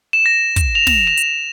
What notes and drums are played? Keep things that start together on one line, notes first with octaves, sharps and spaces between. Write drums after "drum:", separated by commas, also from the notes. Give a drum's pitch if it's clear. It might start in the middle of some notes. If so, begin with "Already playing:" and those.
E7
A#6
drum: kick, hi-hat
F7
drum: snare
E7
drum: hi-hat